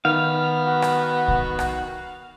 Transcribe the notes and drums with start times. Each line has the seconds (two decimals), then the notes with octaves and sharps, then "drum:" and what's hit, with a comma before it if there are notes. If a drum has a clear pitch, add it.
0.05 D#3 B3 F5
0.67 F#4
0.82 drum: rim click
1.28 drum: kick
1.59 drum: rim click